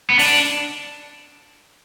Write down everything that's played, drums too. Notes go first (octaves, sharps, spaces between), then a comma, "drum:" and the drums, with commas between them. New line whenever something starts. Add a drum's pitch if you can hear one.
B3
D4, drum: open hi-hat